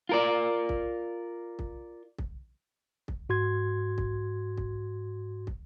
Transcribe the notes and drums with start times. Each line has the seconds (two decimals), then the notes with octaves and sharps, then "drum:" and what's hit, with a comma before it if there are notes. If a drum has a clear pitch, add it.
0.09 F4 A#4 D5
0.69 drum: kick
1.59 drum: kick
2.18 drum: kick
3.08 drum: kick
3.29 G#2 F#4 C6 G#6
3.98 drum: kick
4.57 drum: kick
5.47 drum: kick